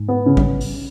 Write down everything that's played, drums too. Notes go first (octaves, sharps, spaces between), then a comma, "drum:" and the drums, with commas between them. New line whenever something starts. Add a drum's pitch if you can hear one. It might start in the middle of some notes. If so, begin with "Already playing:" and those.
Already playing: G#2
B3
C#3
G3, drum: kick
drum: open hi-hat